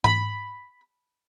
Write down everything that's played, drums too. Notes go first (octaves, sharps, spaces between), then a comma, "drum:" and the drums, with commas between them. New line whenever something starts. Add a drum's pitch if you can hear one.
B5, drum: tom G#2